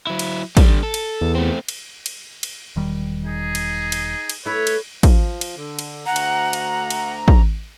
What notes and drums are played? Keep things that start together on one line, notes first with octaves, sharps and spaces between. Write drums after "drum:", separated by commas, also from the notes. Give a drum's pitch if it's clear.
F#3 E4
drum: cymbal
D3 G3, drum: kick, cymbal
A4
drum: cymbal
E2
A3 C4
drum: cymbal
drum: cymbal
drum: cymbal
E1 D#3 G3
D#4 G#4
drum: cymbal
drum: cymbal
drum: cymbal
A3 E4 B4 C#5
drum: cymbal
F3, drum: kick, cymbal
drum: cymbal
D3
drum: cymbal
D2 F#5 A#5
drum: cymbal
drum: cymbal
drum: cymbal
drum: kick